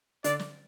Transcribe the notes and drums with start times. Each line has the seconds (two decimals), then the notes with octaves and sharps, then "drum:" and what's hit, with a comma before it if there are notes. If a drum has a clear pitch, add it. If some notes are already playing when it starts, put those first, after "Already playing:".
0.24 D3 D4 D5, drum: hi-hat
0.39 drum: snare